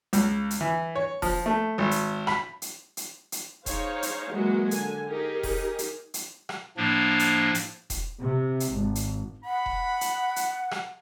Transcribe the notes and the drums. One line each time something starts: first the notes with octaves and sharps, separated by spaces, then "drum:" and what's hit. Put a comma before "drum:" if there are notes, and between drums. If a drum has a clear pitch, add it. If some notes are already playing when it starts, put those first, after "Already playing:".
C#2, drum: hi-hat
drum: hi-hat
E3
C#5
F3, drum: kick E1, open hi-hat
A3
G#1
drum: hi-hat
B5, drum: rim click
drum: hi-hat
drum: hi-hat
drum: hi-hat
D#4 G#4 C5 C#5 F5, drum: kick E1, hi-hat
drum: hi-hat
E3 F#3 G#3 A#3 F#4
D3 G#5, drum: hi-hat
D#4 G4 G#4 A#4
drum: kick E1, open hi-hat
drum: hi-hat
drum: hi-hat
drum: rim click
A2 F3 A#3 D4
drum: hi-hat
drum: hi-hat
drum: kick E1, hi-hat
C3
drum: hi-hat
G#1
drum: hi-hat
F#5 B5
drum: kick E1
drum: hi-hat
drum: hi-hat
drum: rim click